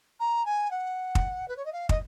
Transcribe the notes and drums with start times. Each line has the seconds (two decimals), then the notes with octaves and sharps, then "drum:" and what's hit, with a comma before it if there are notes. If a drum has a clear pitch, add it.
0.19 A#5
0.45 G#5
0.70 F#5
1.15 drum: kick
1.48 B4
1.56 C#5
1.65 D#5
1.72 F5
1.89 D#5, drum: kick